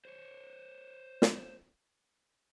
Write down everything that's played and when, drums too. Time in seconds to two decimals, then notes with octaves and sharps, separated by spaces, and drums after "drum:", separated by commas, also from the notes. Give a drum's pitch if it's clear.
0.05 C5 C#5
1.22 drum: snare